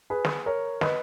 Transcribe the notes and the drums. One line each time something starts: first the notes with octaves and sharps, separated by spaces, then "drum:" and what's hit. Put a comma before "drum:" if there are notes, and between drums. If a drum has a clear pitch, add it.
G#4 B4
drum: snare
A#4 C#5
B4 D#5, drum: snare